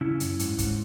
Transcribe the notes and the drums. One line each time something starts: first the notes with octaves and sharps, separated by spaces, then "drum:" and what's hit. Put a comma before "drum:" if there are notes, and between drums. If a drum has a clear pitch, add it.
C#3 C#4 E4
F#2, drum: hi-hat
G#2, drum: hi-hat
G#2, drum: kick, hi-hat